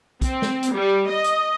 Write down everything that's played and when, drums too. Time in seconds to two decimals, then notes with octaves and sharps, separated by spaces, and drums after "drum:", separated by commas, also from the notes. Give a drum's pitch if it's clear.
0.22 C4, drum: kick, hi-hat
0.42 drum: snare
0.63 drum: hi-hat
0.72 G3
1.09 D#5
1.24 drum: hi-hat